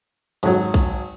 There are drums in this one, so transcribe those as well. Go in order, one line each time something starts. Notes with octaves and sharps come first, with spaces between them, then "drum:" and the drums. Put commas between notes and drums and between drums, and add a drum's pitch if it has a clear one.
G#1 F#3, drum: cymbal
drum: kick A#1, cymbal